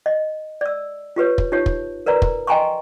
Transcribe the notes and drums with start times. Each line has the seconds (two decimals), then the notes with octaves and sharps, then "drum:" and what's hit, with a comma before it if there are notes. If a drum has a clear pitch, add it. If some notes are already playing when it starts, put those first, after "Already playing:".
0.06 D#5
0.61 D5 E6
1.16 F4 G4 B4 C#5
1.38 drum: kick
1.52 D#4 F4 G4 C#5
1.66 drum: kick
2.06 A#4 B4 D5 A#5
2.22 drum: kick
2.47 D#5 G5 G#5 A#5 C6 C#6